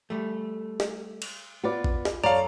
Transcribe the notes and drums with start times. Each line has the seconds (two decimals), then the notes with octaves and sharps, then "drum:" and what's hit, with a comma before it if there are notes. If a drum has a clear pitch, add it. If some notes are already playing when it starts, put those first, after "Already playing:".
0.10 G3 A3
0.80 drum: snare
1.22 drum: cymbal
1.64 B3 F4 B4 D5
1.84 drum: kick A1
2.05 drum: snare
2.24 F#2 A4 C#5 D5 F5 A#5